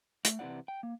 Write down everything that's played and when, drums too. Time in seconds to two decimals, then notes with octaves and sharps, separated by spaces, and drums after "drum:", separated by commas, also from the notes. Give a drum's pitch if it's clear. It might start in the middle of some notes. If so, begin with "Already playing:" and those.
0.25 A3, drum: hi-hat
0.39 C3 E3 D#4 F#4 D5 F#5
0.68 G5
0.83 A#3